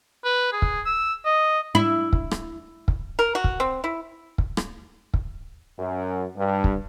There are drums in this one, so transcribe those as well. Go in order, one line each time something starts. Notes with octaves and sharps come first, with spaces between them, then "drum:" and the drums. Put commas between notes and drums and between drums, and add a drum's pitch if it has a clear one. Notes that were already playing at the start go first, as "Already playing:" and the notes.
B4
G#4
drum: kick
E6
D#5
E4
drum: kick
drum: rim click
drum: kick
A#4
F#4
drum: kick
C4
E4
drum: kick
drum: rim click
drum: kick
F#2
G2
drum: kick